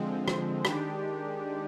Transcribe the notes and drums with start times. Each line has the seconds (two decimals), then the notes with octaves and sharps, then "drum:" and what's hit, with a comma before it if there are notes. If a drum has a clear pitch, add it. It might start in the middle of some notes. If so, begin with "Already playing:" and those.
Already playing: D3 F3 G#3 C4
0.28 drum: rim click
0.65 D#3 G#3 D4 G4, drum: rim click